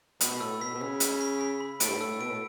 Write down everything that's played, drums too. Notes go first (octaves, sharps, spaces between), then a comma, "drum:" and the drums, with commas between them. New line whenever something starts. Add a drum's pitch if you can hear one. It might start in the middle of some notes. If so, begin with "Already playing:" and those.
B2 B5, drum: hi-hat
B2
A2 E6
B2 B6
B2
C#3 B6
B6, drum: hi-hat
B6
B6
B5
A2 D7, drum: hi-hat
G2
A2
E6
B2 D7
A2